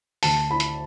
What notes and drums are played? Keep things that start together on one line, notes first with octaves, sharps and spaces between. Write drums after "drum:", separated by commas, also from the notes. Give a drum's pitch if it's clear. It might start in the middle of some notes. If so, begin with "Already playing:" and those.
D2 A5, drum: open hi-hat
E4 B5
drum: hi-hat